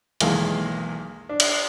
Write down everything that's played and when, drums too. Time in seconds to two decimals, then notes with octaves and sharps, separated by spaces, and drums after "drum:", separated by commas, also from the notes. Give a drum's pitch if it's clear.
0.21 B1 E2 D#3 G#3 A#3, drum: hi-hat
1.29 D4
1.40 drum: cymbal